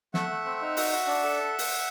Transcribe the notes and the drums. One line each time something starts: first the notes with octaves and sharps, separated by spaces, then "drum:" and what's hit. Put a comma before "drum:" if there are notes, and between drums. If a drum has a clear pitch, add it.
A3 E5 F#5, drum: snare
A3
C4
D#4
F#4, drum: open hi-hat
F#4
D4
A4
drum: open hi-hat